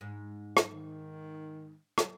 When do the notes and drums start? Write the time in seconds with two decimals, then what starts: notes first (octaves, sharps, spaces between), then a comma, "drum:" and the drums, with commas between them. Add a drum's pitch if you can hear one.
0.01 G#2
0.57 drum: rim click
0.72 D#3
1.98 drum: rim click